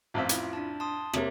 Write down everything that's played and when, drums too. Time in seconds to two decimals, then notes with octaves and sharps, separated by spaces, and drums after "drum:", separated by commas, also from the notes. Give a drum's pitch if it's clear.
0.14 A1 F2 E5
0.29 E4 F4, drum: hi-hat
0.53 D4 A5
0.80 A5 C6 D#6
1.13 C3 A#3 G4 C#5 E5, drum: rim click